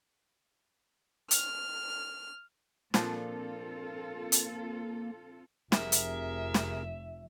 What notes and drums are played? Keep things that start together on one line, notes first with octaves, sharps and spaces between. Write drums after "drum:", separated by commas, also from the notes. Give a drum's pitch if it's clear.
F6, drum: hi-hat
A#2 F3 A#3 C4 D4 F4 A4, drum: snare
drum: hi-hat
F1 F2 C3 G#4 A#4 E5, drum: snare
drum: hi-hat
drum: snare